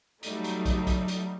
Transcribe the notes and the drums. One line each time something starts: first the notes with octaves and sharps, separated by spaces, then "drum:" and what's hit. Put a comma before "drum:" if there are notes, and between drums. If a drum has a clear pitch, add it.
F#3 G3 A3 D#4, drum: hi-hat
drum: hi-hat
drum: kick, hi-hat
drum: kick, hi-hat
drum: hi-hat